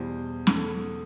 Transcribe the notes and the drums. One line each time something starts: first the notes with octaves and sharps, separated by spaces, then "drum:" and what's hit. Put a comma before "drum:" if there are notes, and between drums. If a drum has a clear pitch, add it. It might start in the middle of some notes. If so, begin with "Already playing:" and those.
Already playing: E2 B2 G3 C5
drum: snare
A4